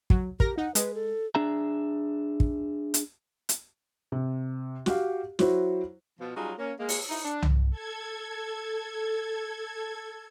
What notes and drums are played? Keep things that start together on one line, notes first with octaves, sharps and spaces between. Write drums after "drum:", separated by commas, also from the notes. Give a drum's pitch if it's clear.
F#3, drum: kick
G4 A#4 A#6, drum: kick
D#4 F#5
G#3 B4, drum: hi-hat
A4
D4 G#4 E5 A#5
drum: kick
drum: hi-hat
drum: hi-hat
C3
F#4 G4 F5, drum: snare
F#3 E4 F#4 C5, drum: snare
B2 F3
F#3 G3 C#4 D#4 F4 G#4
A#3 C#4
G#3 A#3
drum: open hi-hat
D#4 E4
D4
drum: tom C2
A4 G#6